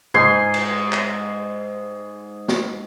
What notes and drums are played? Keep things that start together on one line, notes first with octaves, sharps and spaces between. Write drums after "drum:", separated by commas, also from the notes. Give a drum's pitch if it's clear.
G#2 G#5 C6, drum: tom
drum: cymbal
drum: clap
drum: snare